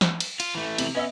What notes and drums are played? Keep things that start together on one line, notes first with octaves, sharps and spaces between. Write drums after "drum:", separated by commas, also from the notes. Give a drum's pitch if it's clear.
drum: snare
drum: cymbal
F4, drum: cymbal
E3 A3
C3 F7 F#7, drum: cymbal
B3 C#4 D#5 E5